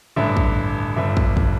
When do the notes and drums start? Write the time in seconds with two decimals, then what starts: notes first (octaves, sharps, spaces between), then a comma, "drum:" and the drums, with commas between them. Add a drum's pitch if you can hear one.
0.16 A1 G2 D3 E5
0.37 drum: kick
0.96 G1 G2 D3 E5
1.17 drum: kick
1.37 drum: kick